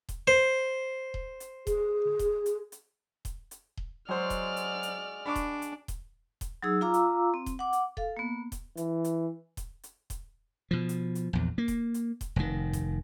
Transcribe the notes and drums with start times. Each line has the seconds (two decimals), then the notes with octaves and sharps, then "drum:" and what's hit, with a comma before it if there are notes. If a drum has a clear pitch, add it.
0.09 drum: kick D#1, hi-hat
0.27 C5
1.14 drum: kick D#1
1.40 drum: hi-hat
1.67 G#4, drum: kick D#1, hi-hat
2.19 drum: kick D#1, hi-hat
2.46 drum: hi-hat
2.72 drum: hi-hat
3.25 drum: kick D#1, hi-hat
3.51 drum: hi-hat
3.77 drum: kick D#1
4.09 F#3 G#3 F#4 C5 D5 F6
4.30 drum: kick D#1, hi-hat
4.56 drum: hi-hat
4.83 drum: hi-hat
5.26 D4 B5 C#6 D6
5.36 drum: kick D#1, hi-hat
5.62 drum: hi-hat
5.88 drum: kick D#1, hi-hat
6.41 drum: kick D#1, hi-hat
6.63 F#3 D#4 G#4 E6
6.81 F4 F5 A#5 D6 E6
6.94 drum: hi-hat
7.34 C4
7.46 drum: kick D#1, hi-hat
7.59 F#5 D6
7.73 drum: hi-hat
7.97 A4 F5, drum: kick D#1
8.17 A#3 B3
8.52 drum: kick D#1, hi-hat
8.77 E3, drum: hi-hat
9.04 drum: hi-hat
9.57 drum: kick D#1, hi-hat
9.83 drum: hi-hat
10.10 drum: kick D#1, hi-hat
10.71 B2 F3
10.89 drum: hi-hat
11.15 drum: hi-hat
11.33 A#1 E2
11.58 A#3
11.68 drum: kick D#1, hi-hat
11.94 drum: hi-hat
12.21 drum: kick D#1, hi-hat
12.36 F1 D#3
12.73 drum: kick D#1, hi-hat